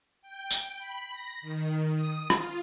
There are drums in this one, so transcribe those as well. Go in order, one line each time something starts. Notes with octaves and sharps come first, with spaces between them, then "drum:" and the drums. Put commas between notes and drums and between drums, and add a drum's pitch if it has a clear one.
G5
drum: tambourine
B5
A#6
D#3
D#6
F4, drum: rim click